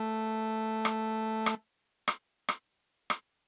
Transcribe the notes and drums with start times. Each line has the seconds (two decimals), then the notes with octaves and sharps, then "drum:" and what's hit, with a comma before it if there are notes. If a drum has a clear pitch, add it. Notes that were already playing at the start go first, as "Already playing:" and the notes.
Already playing: A3
0.85 drum: rim click
1.46 drum: rim click
2.08 drum: rim click
2.49 drum: rim click
3.10 drum: rim click